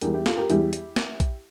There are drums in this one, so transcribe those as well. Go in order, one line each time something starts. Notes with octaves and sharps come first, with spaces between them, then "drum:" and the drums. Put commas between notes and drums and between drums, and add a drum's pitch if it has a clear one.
E2 E3 G3 G4 A#4, drum: hi-hat
E4 G4
F4 A4, drum: snare
G4 A#4
E2 E3 G3 E4 G4, drum: hi-hat
drum: hi-hat
drum: snare
drum: kick A#1, hi-hat